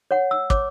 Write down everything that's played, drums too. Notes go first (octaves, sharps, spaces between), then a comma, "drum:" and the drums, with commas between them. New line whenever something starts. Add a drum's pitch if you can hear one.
C#5 F#5
E6
C#5 D6, drum: kick